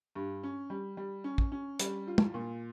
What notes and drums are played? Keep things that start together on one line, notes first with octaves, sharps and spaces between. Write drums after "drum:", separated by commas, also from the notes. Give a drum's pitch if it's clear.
G2
C#4
G3
G3
C#4
drum: kick
C#4
G3, drum: hi-hat
F4
drum: tom
A#2